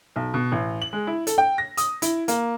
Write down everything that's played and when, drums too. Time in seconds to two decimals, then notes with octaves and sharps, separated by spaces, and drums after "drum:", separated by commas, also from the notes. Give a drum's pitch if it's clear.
0.16 B1
0.34 B2
0.52 A1
0.82 F#7
0.93 G#3
1.07 E4
1.27 A4, drum: hi-hat
1.38 G5
1.58 A#6
1.77 D#6, drum: hi-hat
2.02 E4, drum: hi-hat
2.28 A#3, drum: hi-hat